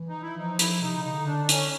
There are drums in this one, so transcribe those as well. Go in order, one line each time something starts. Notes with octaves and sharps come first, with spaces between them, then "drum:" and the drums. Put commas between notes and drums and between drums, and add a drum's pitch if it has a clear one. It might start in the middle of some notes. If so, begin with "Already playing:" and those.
Already playing: E3
D#4
E4
F3 D#4
E4, drum: hi-hat
C3 D#4
C#3
D#4
D3
D4
C#4, drum: hi-hat